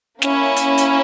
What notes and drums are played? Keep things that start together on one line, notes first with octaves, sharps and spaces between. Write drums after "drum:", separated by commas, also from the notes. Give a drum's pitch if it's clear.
A#3 C#4 E4, drum: snare
drum: hi-hat
drum: hi-hat